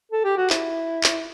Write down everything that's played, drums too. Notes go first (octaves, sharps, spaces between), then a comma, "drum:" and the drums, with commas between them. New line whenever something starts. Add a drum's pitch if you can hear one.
A4
G4
F#4
E4, drum: clap
drum: clap